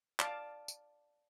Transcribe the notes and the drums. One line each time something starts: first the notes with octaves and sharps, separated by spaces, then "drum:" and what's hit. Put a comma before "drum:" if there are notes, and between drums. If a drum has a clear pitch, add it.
D5 F5 A5 D6, drum: clap
drum: tambourine